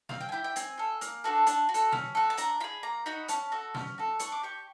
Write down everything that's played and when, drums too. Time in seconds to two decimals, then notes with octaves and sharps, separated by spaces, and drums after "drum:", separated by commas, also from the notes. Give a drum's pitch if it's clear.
0.09 C4 F5, drum: snare
0.21 G5
0.29 G#5
0.32 E4 G4 G5
0.44 G5
0.56 C4 G#5, drum: hi-hat
0.78 F4 A4
1.01 A#3, drum: hi-hat
1.24 D4 F#4 A4
1.47 D4 A5, drum: hi-hat
1.69 F#4
1.74 A4, drum: hi-hat
1.92 C#4, drum: snare
2.15 F#4 A4
2.30 A5
2.37 D4 A#5, drum: hi-hat
2.60 F4 G#4 B5
2.83 A#3 A#5
3.06 D#4 F#4 B5
3.28 C#4 A5, drum: hi-hat
3.52 F#4 A4
3.75 C#4, drum: snare
3.98 F#4 A4
4.19 D4 C#6, drum: hi-hat
4.32 D6
4.43 G4 C#6